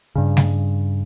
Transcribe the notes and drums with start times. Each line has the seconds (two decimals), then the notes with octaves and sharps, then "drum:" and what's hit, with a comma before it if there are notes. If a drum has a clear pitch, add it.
0.15 G2 C#3
0.37 drum: snare G3